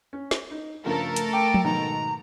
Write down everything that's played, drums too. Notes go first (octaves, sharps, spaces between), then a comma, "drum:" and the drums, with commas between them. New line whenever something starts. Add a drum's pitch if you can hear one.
C#4
drum: snare
D#4
G2 C#3 F3 A3 A4 A#4
drum: hi-hat
G5 D6
drum: tom F3
G#2 B2 D#3 A#5